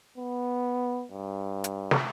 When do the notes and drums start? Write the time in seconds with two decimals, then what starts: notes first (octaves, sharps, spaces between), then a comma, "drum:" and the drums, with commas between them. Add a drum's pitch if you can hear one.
0.18 B3
1.11 G2
1.64 drum: hi-hat
1.91 drum: snare